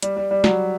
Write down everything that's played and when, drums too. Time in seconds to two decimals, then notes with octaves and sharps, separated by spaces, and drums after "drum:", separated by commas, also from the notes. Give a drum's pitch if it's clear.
0.02 G3, drum: hi-hat
0.17 G3
0.31 G3
0.44 F#3, drum: snare